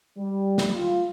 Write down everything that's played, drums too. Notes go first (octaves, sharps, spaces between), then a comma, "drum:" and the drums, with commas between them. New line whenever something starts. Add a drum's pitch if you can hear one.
G3
drum: snare
F4